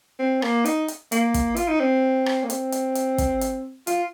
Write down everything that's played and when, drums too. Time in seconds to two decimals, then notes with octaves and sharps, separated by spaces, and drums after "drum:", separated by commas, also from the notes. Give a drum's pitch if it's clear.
0.19 C4
0.42 A#3, drum: rim click
0.65 D#4, drum: hi-hat
0.88 drum: hi-hat
1.12 A#3, drum: hi-hat
1.34 drum: kick, hi-hat
1.56 F4, drum: hi-hat
1.68 D#4
1.80 C4
2.26 drum: rim click
2.44 A#3
2.50 C4, drum: hi-hat
2.72 drum: hi-hat
2.95 drum: hi-hat
3.18 drum: kick, hi-hat
3.41 drum: hi-hat
3.87 F4, drum: hi-hat